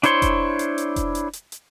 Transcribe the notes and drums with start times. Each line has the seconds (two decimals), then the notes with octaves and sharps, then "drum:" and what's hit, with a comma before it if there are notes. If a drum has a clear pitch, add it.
0.03 D4 E4 C5 C#5 C6, drum: hi-hat
0.22 drum: kick F1, hi-hat
0.59 drum: hi-hat
0.78 drum: hi-hat
0.96 drum: kick F1, hi-hat
1.15 drum: hi-hat
1.33 drum: hi-hat
1.52 drum: hi-hat